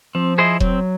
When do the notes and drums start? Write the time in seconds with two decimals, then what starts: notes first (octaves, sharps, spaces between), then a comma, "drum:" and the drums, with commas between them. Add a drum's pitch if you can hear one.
0.15 F3 C4
0.38 E4 G#4 C5 D#5
0.60 F#3 C4, drum: kick E1